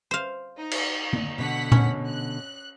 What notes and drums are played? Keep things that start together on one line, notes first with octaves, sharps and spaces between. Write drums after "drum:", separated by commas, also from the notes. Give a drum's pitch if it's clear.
C5 F5
D#4
drum: cymbal
drum: tom
B2 D3 F#5 B6
C#4, drum: tom A#2
F#6